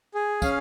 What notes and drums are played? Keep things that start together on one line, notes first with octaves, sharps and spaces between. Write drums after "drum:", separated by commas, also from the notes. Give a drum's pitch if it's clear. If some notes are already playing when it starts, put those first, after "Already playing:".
G#4
C#4 F5, drum: kick, tambourine